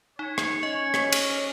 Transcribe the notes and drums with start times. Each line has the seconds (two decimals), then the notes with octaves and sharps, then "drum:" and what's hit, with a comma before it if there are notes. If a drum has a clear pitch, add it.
0.19 D#4 C#5
0.38 drum: rim click
0.63 C#4 D#5
0.94 drum: rim click
1.12 drum: cymbal